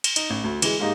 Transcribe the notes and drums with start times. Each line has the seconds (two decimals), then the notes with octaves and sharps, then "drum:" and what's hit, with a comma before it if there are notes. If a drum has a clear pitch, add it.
0.04 drum: cymbal
0.16 D#4, drum: cymbal
0.30 A1
0.44 D2
0.62 E3 G#3, drum: cymbal
0.80 G#2 G#3 A#3 D#4 G4